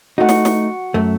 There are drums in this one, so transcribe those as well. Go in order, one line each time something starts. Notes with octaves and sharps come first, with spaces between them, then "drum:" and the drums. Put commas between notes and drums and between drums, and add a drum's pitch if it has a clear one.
A3 D#4 F#4 F#5
drum: snare
drum: snare
F#2 A3